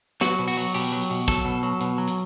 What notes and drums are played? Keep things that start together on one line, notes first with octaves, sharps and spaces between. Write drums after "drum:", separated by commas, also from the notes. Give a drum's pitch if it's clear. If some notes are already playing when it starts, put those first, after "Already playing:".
F#3 F#4, drum: snare
B2
F#4, drum: open hi-hat
F#3
B2 G4, drum: open hi-hat
F#3
B2
F#3 A4, drum: kick, hi-hat
B2
F#3
B2, drum: hi-hat
F#3
drum: hi-hat